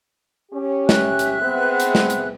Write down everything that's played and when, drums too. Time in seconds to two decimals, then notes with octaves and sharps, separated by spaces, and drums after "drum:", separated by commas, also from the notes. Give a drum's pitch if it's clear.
0.52 C#4 G4
0.89 E5 F#6, drum: snare
1.19 drum: hi-hat
1.41 B3 C4 G#4
1.80 drum: hi-hat
1.95 drum: snare
2.10 drum: hi-hat